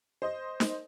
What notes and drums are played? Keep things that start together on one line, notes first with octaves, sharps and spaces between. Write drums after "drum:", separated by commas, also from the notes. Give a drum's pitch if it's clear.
C5 D#5
drum: snare